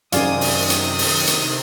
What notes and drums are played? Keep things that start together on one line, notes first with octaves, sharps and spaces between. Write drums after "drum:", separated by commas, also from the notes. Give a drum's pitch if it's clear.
F#2 C3 D#3 G#4 D5 F5 D#6, drum: hi-hat
drum: open hi-hat
drum: hi-hat
drum: open hi-hat
drum: hi-hat